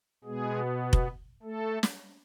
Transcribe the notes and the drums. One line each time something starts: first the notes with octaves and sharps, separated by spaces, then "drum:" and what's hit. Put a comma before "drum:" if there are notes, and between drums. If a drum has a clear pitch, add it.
B2 G#3 B3 G#4
drum: kick F1
A3 A4
drum: snare